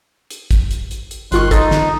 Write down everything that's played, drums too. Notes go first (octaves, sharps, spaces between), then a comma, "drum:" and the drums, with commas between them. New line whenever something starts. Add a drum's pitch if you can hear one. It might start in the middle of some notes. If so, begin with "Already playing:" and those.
drum: hi-hat
drum: kick, hi-hat
drum: hi-hat
drum: hi-hat
drum: hi-hat
G1 D#3 F4 C6 C#6 F#6, drum: hi-hat
D#4 A4 A6, drum: kick, hi-hat
drum: snare